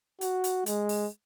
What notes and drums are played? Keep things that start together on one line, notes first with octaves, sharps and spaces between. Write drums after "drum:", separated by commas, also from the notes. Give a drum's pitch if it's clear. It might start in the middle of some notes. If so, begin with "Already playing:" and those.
F#4, drum: hi-hat
drum: hi-hat
G#3, drum: hi-hat
drum: open hi-hat